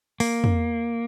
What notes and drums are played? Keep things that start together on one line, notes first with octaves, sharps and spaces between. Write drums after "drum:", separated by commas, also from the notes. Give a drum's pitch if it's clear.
A#3, drum: open hi-hat
drum: tom